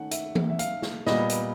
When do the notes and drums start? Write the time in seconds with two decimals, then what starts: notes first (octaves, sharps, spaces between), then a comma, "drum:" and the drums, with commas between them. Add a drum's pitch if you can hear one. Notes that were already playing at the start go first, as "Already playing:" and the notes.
Already playing: D#3 A3 C#4 F#5
0.11 E5, drum: hi-hat
0.35 drum: tom E3
0.50 E5
0.59 F5, drum: hi-hat
0.82 drum: snare
1.06 A#2 G3 B3 D#5, drum: snare
1.29 drum: hi-hat